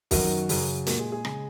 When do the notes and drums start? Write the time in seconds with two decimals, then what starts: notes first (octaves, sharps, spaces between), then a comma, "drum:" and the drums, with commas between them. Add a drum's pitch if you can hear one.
0.11 F#2 D#3 F#3 F#4 A#4, drum: kick, open hi-hat
0.49 F#2 C#3 F#3, drum: open hi-hat
0.87 A#2 G#3 F#4 A#4, drum: hi-hat
0.99 G#4
1.12 G#4
1.25 C#3 G#3, drum: rim click